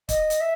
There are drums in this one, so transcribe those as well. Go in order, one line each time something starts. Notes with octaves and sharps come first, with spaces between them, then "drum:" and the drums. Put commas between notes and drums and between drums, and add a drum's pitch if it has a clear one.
D#5, drum: kick, hi-hat
drum: hi-hat
E5